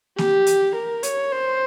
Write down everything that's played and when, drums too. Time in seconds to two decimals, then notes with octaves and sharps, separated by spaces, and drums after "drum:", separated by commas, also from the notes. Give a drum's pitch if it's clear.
0.18 G4, drum: snare A#3
0.46 drum: hi-hat
0.75 A#4
1.03 C#5, drum: hi-hat
1.32 C5